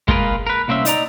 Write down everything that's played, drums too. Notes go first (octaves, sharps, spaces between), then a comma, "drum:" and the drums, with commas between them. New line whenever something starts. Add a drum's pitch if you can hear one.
G#3 A#3 F4 G#4 A#4 B4, drum: kick
A#4 B4
C2 A#3 C4 C#4 E5
D#4 D5 A#5, drum: hi-hat